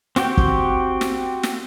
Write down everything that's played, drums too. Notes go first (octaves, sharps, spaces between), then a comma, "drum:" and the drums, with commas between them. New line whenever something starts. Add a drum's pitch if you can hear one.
C4 F#4 G4 G5, drum: snare
drum: kick
drum: snare
drum: snare